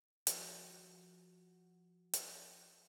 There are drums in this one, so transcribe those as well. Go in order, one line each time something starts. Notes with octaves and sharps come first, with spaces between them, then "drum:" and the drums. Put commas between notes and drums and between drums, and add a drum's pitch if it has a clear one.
F3 F#4, drum: hi-hat
drum: hi-hat